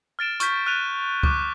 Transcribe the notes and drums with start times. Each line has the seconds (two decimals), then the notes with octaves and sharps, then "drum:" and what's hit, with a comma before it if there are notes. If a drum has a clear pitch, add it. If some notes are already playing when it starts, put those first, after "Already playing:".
0.19 F6 A6 D7 E7
0.40 C#6 F6 G6 B6, drum: hi-hat
0.66 F6 F#6 D7 D#7 F7
1.23 C#6 D6 F#6, drum: kick C#2